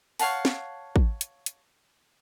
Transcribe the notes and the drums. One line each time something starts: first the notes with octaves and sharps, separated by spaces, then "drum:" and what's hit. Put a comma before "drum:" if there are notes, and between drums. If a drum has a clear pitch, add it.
C#5 F5 F#5 A5, drum: open hi-hat
drum: snare
drum: kick
drum: hi-hat
drum: hi-hat